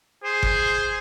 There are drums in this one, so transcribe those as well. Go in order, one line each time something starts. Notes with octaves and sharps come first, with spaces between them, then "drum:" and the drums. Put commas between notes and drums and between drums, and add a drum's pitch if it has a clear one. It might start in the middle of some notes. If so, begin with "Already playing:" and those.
G#4 C5
drum: kick G1